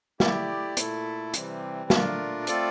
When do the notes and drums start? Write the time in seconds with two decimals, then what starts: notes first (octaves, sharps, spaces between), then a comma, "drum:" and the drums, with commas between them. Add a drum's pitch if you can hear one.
0.20 A3 E4 G4 D5, drum: snare
0.77 A#2 A3 E4 A4, drum: hi-hat
1.34 C3 E3 G3 C4, drum: hi-hat
1.90 A#2 A3 D4 F4 A#4, drum: snare
2.47 A3 C4 F4 A4 D5, drum: hi-hat